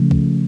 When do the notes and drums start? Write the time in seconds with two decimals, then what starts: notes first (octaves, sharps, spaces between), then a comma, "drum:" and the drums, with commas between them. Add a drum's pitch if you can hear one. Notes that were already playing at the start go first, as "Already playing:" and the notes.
Already playing: C#3 F3 A3
0.11 drum: kick